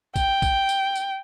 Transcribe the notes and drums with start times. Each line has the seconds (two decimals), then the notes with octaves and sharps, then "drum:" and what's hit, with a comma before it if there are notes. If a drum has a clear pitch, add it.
0.16 G5, drum: kick, tambourine
0.42 drum: kick, tambourine
0.69 drum: tambourine
0.95 drum: tambourine